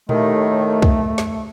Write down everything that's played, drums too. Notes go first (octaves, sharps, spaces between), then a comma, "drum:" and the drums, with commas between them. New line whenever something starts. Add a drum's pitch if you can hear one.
D#2 A2 D#3 A3, drum: tom A#2
drum: kick
drum: snare